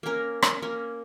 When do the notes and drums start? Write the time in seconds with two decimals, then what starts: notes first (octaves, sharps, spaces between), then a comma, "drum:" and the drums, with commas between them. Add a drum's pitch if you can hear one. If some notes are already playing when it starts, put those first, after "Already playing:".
0.03 A#3 C#4 A#4
0.42 drum: rim click
0.62 A#3 C#4 A#4